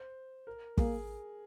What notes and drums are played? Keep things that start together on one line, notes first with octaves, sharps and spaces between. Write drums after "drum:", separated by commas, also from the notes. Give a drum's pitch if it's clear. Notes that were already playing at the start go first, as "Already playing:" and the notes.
Already playing: C5
A#4
A#3 G#4, drum: kick